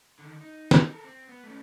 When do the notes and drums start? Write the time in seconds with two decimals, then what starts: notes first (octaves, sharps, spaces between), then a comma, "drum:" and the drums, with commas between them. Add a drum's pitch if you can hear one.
0.19 D3 D#3
0.41 D#4
0.71 drum: snare
0.90 A4 A#4
1.04 C4
1.29 B3
1.44 A3 C#4